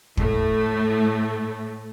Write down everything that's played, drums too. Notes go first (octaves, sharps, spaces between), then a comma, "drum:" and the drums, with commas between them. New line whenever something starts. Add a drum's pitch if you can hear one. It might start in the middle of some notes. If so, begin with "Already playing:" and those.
A2 A3, drum: kick